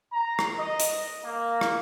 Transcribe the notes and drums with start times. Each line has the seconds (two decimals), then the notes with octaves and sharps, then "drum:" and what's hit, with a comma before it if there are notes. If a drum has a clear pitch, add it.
0.13 A#5
0.39 drum: rim click
0.59 D#5
0.80 drum: hi-hat
1.25 A#3
1.61 drum: rim click